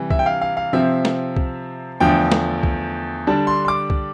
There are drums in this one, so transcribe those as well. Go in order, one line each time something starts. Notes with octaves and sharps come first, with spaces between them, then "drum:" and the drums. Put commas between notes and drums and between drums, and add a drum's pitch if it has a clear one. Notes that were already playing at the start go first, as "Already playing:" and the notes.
Already playing: C3 E3 G3
E5, drum: kick C2
G5
F5
F5
F5
C3 F3 C4 E5
drum: snare
drum: kick C2
E2 D3 F3 A3 G5
drum: snare
drum: kick C2
D3 G3 D4 A5
C6
C6
D6
drum: kick C2